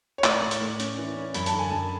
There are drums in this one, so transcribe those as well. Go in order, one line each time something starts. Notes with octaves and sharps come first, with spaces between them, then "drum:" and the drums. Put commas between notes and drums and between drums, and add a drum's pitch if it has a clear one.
C#5
A2 D5, drum: clap
A2
drum: hi-hat
A2
C#4, drum: hi-hat
E3
C#4
F#2 B5, drum: hi-hat
A5, drum: hi-hat
D3
G#5
F#2 A5